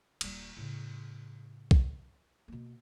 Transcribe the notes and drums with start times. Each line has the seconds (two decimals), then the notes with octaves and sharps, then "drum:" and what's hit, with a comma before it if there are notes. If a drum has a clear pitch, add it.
0.21 D#1 G3, drum: cymbal
0.57 A2 C#3
1.71 drum: kick
2.48 B2 A#3